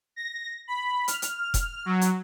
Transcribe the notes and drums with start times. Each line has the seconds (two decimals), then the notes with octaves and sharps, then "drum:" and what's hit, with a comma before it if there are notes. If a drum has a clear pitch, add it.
0.16 A#6
0.68 B5
1.08 F6, drum: hi-hat
1.22 drum: hi-hat
1.54 drum: kick F1, hi-hat
1.86 F#3
2.01 drum: hi-hat